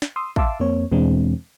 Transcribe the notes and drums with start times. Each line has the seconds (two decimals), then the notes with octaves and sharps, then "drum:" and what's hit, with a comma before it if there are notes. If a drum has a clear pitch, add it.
0.02 drum: snare
0.16 C6 D#6 E6
0.36 E5 F5 A5 C6 D6 E6, drum: kick
0.60 F2 A#3 C4 C#5
0.92 E2 B2 E3 G#3 C4 D4